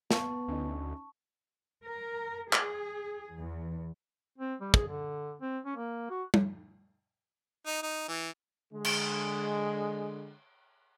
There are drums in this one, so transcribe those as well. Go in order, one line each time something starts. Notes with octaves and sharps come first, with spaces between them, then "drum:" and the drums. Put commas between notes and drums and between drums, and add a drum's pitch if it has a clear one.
B3 A5 C#6, drum: snare
D2 C#4 D#4
A#4
G#4, drum: clap
E2
C4
G3
G#4, drum: kick
D3
C4
C#4
A#3
F#4
drum: tom G3
D#4
D#4
E3
D3 G#3
drum: cymbal